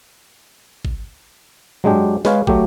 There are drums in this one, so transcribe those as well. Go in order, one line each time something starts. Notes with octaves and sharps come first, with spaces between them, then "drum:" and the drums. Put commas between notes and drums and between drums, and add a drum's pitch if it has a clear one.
drum: kick
F#3 G#3 D4 G4, drum: tom
G#3 B4 C#5 F5, drum: snare
F#3 A3 G4, drum: kick